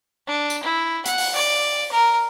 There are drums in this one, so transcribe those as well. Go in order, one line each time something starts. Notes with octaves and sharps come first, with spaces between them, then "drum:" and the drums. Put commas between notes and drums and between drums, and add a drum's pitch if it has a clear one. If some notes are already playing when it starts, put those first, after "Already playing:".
D4
drum: tambourine
E4
F#5, drum: hi-hat
drum: open hi-hat
D5
A#4